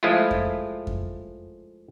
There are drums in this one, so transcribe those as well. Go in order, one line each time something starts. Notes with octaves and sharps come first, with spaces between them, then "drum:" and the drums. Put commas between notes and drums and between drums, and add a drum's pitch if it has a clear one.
F3 G#3 A3 E4 F4
drum: kick F2
drum: kick F2